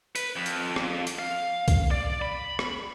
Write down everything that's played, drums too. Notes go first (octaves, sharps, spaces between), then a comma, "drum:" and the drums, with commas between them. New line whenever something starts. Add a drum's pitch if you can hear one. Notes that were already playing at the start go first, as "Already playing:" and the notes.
B4, drum: hi-hat
F2
drum: hi-hat
drum: rim click
drum: hi-hat
F5
drum: kick C2, hi-hat
D5
B5
drum: rim click